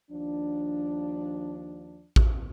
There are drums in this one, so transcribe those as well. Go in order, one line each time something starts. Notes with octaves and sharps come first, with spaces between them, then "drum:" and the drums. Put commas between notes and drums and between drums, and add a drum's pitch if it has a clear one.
D#2 F3 D4
drum: kick A1